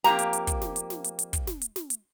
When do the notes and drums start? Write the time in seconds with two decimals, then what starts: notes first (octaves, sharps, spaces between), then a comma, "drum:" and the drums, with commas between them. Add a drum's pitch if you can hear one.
0.04 F2 A#3 G4 A#5, drum: snare
0.19 drum: hi-hat
0.33 drum: hi-hat
0.47 drum: kick, hi-hat
0.62 drum: snare
0.76 drum: hi-hat
0.90 drum: snare
1.04 drum: hi-hat
1.19 drum: hi-hat
1.33 drum: kick, hi-hat
1.47 drum: snare
1.61 drum: hi-hat
1.76 drum: snare
1.90 drum: hi-hat